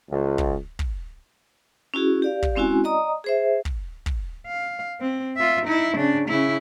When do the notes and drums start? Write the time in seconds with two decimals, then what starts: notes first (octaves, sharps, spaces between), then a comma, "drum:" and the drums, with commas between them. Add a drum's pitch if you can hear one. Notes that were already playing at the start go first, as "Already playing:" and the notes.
0.10 C#2
0.38 drum: kick
0.79 drum: kick
1.94 C#4 E4 F#4 G#4
2.22 G4 D5 F5
2.42 drum: kick
2.56 G#3 C4 C#4 E4 F#4 G#5
2.84 D5 D#5 A#5 D#6
3.24 G#4 C5 E5
3.65 drum: kick
4.06 drum: kick
4.47 F5
5.01 C4
5.37 F4 E5
5.65 D#4 E4
5.96 C#3 D4
6.28 C#3 E4